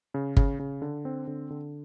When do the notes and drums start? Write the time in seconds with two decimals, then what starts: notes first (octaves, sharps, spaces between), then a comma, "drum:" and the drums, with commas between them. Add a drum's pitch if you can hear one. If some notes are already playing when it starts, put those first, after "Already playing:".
0.14 C#3
0.37 C#3, drum: kick G1
0.59 C#3
0.82 D3
1.05 C4
1.27 D3
1.50 D3